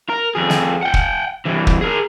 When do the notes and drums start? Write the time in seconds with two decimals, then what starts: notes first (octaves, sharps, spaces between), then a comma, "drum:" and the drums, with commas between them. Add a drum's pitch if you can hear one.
0.10 A#4
0.35 F2 G#4
0.50 drum: snare
0.83 F#5 G5
0.94 drum: kick
1.45 G2 E3
1.67 drum: kick
1.81 G#4 A#4